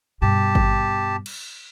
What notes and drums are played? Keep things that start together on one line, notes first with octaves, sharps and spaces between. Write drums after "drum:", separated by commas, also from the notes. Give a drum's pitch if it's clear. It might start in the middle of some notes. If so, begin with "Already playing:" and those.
G2 B2 G4 A5
drum: kick G#1
drum: cymbal